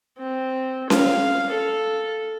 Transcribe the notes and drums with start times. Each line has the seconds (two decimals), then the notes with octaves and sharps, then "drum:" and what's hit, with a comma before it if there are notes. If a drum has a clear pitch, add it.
0.19 C4
0.90 F5, drum: snare C#4
1.50 A4